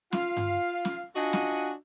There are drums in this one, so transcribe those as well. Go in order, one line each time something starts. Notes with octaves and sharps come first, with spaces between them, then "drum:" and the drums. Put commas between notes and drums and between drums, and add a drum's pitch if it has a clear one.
F4 F5, drum: snare
drum: tom G2
drum: snare
D4 F4 F#4 D#5 F#5 G#5
drum: snare